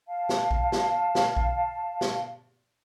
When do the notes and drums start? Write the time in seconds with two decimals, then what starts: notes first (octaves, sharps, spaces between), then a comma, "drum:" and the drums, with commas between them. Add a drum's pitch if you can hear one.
0.08 F5 A5
0.29 drum: snare
0.51 drum: kick A#1
0.72 drum: snare
1.15 drum: snare
1.37 drum: kick A#1
2.01 drum: snare